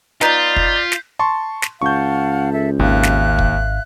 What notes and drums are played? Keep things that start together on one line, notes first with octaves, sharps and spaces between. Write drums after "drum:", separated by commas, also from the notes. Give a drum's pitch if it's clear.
B3 D#4 F4 D5 G6 B6 C7, drum: snare
drum: kick
drum: snare
A5 C6 C#6
drum: snare
C#2 F5 F#5 A5 C#6 G6
A4 E5
G#1 D#2 E5 F5 F#6
drum: snare
drum: kick